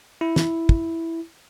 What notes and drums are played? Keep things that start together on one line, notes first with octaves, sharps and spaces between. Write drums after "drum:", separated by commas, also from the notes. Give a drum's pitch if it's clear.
E4
drum: snare
drum: kick